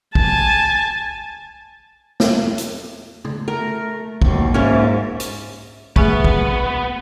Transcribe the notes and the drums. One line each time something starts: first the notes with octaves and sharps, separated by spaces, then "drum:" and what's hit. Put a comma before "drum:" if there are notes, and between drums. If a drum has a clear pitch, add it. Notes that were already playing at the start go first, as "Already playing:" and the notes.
G#5 A5, drum: kick
drum: snare
drum: hi-hat
drum: tom
A3 A#4
D#2 B2, drum: kick
G#2 A#3 C#4 E5
drum: hi-hat
B2 A3 B3 G#4 B4 E5 G#5 C#6, drum: kick
drum: kick